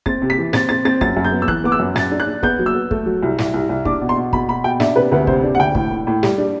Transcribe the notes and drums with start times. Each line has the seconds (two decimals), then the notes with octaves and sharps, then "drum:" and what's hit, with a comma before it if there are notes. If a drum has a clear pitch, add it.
0.06 C4 A6, drum: kick
0.22 C3
0.30 B6
0.38 E3
0.53 C4 A6, drum: snare
0.69 C4 A6
0.85 C4 A6
1.01 F#2 A6, drum: kick
1.17 F#2
1.24 G6
1.32 B3
1.42 E6
1.48 E3 F#6, drum: kick
1.64 B3 D6
1.72 E6
1.80 F#2
1.96 F#2 A6, drum: snare
2.11 D4
2.20 F#6
2.27 D4
2.43 B3 G6, drum: kick
2.59 F#3
2.66 E6
2.75 B3
2.91 A3, drum: kick
3.06 F#3
3.23 C2
3.38 C2, drum: snare
3.54 C2
3.69 C2
3.85 D4 D6, drum: kick
4.01 B2
4.09 C6
4.17 B2
4.33 B2 B5, drum: kick
4.48 B2 B5
4.64 B2 G5
4.80 D4 E5, drum: snare
4.96 C3 B4
5.11 D2 B4
5.27 C3 C5, drum: kick
5.43 D4
5.55 F#5
5.59 D2 G5
5.75 A2, drum: kick
5.91 A2
6.07 A2
6.23 G3, drum: snare
6.38 D4